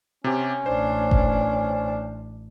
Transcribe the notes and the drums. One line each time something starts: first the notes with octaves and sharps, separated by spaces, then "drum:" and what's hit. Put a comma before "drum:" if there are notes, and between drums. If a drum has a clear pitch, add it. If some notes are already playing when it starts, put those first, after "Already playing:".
C3 C#4 G4
A1 D4 C5
drum: kick F#1